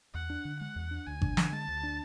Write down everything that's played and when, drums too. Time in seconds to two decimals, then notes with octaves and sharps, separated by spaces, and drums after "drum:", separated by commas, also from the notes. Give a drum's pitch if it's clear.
0.14 E2 F#5
0.30 D4
0.45 D3
0.60 G#3 F#5
0.76 E2
0.91 D4
1.06 D2 G#5
1.22 D4, drum: kick G#1
1.37 D3, drum: snare
1.52 G#3 A5
1.68 D2
1.83 D4